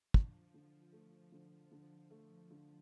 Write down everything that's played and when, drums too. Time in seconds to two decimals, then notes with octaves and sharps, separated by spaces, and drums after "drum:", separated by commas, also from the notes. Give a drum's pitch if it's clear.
0.14 D3 F3, drum: kick
0.54 D3
0.93 F3 A3
1.32 D3
1.72 D3 F3
2.11 A3
2.51 D3